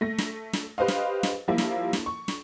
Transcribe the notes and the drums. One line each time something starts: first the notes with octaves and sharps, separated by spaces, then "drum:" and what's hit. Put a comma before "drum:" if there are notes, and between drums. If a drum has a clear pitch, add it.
A3 A#6
drum: snare
drum: snare
G4 B4 C5 D#5 F5
drum: snare
drum: snare
F3 G3 A#3 E4 F4
drum: snare
drum: snare
C#6
drum: snare